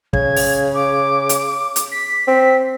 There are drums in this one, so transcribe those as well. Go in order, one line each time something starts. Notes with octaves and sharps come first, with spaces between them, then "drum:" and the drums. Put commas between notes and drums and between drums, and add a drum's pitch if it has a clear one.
C#3 G#6, drum: kick
drum: open hi-hat
D6
drum: hi-hat
drum: hi-hat
B6
C4